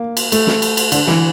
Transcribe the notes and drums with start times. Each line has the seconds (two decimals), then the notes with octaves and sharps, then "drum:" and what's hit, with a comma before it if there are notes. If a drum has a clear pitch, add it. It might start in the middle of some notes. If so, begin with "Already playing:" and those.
Already playing: A#3
0.17 drum: cymbal
0.32 A3, drum: cymbal
0.47 drum: snare
0.62 drum: cymbal
0.77 drum: cymbal
0.92 D3, drum: cymbal
1.07 E3, drum: snare